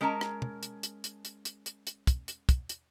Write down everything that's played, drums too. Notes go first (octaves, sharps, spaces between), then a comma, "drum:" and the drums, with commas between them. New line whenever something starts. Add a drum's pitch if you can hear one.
G#3 C#4 A#4 A5 A#5
drum: rim click
drum: tom
drum: hi-hat
drum: hi-hat
drum: hi-hat
drum: hi-hat
drum: hi-hat
drum: hi-hat
drum: hi-hat
drum: kick, hi-hat
drum: hi-hat
drum: kick, hi-hat
drum: hi-hat